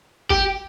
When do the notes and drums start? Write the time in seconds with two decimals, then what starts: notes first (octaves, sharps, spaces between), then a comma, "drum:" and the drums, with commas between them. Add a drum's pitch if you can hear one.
0.30 G4, drum: kick G1